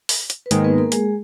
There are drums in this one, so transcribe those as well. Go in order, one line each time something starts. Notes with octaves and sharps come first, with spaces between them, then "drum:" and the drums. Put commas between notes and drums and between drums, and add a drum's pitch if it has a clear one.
drum: open hi-hat
drum: hi-hat
B4
G#2 D#3 G#3 A#3 A#4, drum: hi-hat
B3 B4
A#3 A#4
G#3 G#4, drum: hi-hat